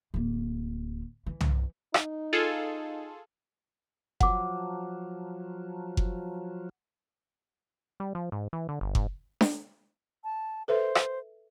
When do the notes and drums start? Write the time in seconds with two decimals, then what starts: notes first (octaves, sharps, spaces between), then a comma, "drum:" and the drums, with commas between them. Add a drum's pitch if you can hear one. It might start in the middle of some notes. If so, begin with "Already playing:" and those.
0.14 D1 A#3
1.26 E3
1.41 drum: tom C2
1.94 D#4, drum: rim click
2.33 F4 G#4 A4
4.21 F3 F#3 F#5 D6, drum: kick F#1
5.97 drum: kick F#1
8.00 G3
8.15 F3
8.32 G#2
8.53 E3
8.69 D3
8.81 G1
8.95 G#2, drum: kick F#1
9.41 drum: snare D4
10.24 A5
10.68 A4 B4 C5 E5
10.95 drum: rim click